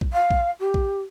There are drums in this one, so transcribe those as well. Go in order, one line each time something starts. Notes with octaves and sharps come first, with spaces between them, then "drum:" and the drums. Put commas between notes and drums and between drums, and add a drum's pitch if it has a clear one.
drum: kick A#1
F5
drum: kick A#1
G4
drum: kick A#1